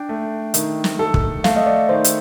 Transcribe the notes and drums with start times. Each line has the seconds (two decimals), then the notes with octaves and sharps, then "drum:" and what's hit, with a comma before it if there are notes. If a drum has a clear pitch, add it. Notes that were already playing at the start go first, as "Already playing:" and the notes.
Already playing: D4 G5
0.09 A3
0.54 D#3, drum: hi-hat
0.84 drum: snare
0.99 A4
1.14 drum: kick
1.44 A3 F5, drum: snare
1.56 D#5
1.66 D5
1.89 D#3 C5
2.04 drum: hi-hat